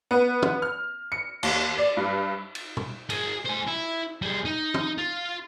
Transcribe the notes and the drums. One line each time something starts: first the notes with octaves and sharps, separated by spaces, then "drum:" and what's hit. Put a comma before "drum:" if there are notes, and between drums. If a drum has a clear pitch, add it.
B3
drum: tom
F6
C#7
D#2, drum: cymbal
D5
G2
drum: cymbal
drum: tom
G#4 A#4, drum: cymbal
C5 G#5
E4
G3 G#4
D#4
drum: tom
F4